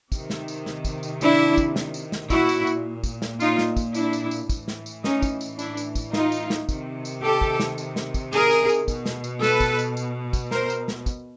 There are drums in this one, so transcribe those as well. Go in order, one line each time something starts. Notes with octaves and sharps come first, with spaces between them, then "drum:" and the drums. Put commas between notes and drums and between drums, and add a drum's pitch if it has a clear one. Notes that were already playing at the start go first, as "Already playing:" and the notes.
C3 D#3, drum: kick, tambourine
drum: snare
drum: tambourine
drum: snare
drum: kick, tambourine
drum: tambourine
D4 E4, drum: tambourine
drum: kick, tambourine
drum: snare
drum: tambourine
drum: snare
A#2 E4 F#4, drum: kick, tambourine
drum: tambourine
drum: tambourine
drum: kick, tambourine
drum: snare
D#4 F4, drum: tambourine
drum: snare
drum: kick, tambourine
D4 E4, drum: tambourine
drum: tambourine
drum: tambourine
A2 E3, drum: kick, tambourine
drum: snare
drum: tambourine
C#4 D#4, drum: snare
drum: kick, tambourine
drum: tambourine
D4 E4, drum: tambourine
drum: tambourine
drum: kick, tambourine
D#4 F4, drum: snare
drum: tambourine
drum: snare
C3 D#3, drum: kick, tambourine
drum: tambourine
G4 A4
drum: kick
drum: snare
drum: tambourine
drum: snare
drum: kick, tambourine
G#4 A#4, drum: tambourine
drum: tambourine
drum: tambourine
B2, drum: kick, tambourine
drum: snare
drum: tambourine
A4 B4, drum: snare
drum: kick, tambourine
drum: tambourine
drum: tambourine
drum: kick, tambourine
A#4 C5, drum: snare
drum: tambourine
drum: snare
drum: kick, tambourine